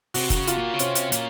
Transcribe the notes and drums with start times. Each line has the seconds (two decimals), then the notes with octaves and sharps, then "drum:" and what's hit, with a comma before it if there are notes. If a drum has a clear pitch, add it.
0.14 C3 F#4, drum: open hi-hat
0.30 D#3, drum: kick F#1, hi-hat
0.36 C#3
0.47 C3 F4, drum: hi-hat
0.57 A#2
0.74 C#3
0.79 C3 C#4, drum: hi-hat
0.95 drum: hi-hat
1.12 A#2, drum: hi-hat